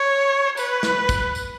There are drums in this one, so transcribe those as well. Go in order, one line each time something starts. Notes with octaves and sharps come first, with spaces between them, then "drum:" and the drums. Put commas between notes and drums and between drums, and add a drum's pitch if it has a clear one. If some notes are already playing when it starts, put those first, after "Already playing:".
Already playing: C#5
B4, drum: tambourine
drum: snare
drum: kick, tambourine
drum: tambourine